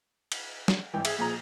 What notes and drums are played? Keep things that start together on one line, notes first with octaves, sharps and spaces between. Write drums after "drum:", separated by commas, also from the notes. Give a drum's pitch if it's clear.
drum: cymbal
drum: snare
G#1 E3 G3 G5
G#4 E5, drum: cymbal
A#2 F3 G#4 A#5